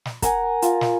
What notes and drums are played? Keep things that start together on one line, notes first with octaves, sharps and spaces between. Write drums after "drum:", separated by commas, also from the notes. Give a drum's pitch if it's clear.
drum: snare
A#4 F#5 G#5, drum: kick, hi-hat
F4, drum: hi-hat
drum: snare